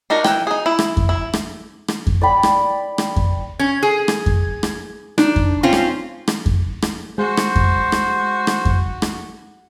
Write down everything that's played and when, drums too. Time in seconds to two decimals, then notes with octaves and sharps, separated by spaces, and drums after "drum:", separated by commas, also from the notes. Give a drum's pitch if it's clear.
0.10 D4 D#4 F#4 A#4
0.24 E3 G5, drum: rim click
0.47 D#4 G#4
0.66 E4
0.79 drum: rim click
0.97 drum: kick F2
1.09 E4
1.33 drum: rim click
1.88 drum: rim click
2.07 drum: kick F2
2.21 D5 G5 B5
2.43 drum: rim click
2.98 drum: rim click
3.16 drum: kick F2
3.59 C#4 G#6
3.83 G#4
4.08 drum: rim click
4.26 drum: kick F2
4.63 drum: rim click
5.18 D4 D#4, drum: rim click
5.36 drum: kick F2
5.63 C4 C#4 F4
5.73 drum: rim click
6.28 drum: rim click
6.46 drum: kick F2
6.82 drum: rim click
7.18 G#3 F#4 C5
7.37 drum: rim click
7.56 drum: kick F2
7.92 drum: rim click
8.47 drum: rim click
8.65 drum: kick F2
9.02 drum: rim click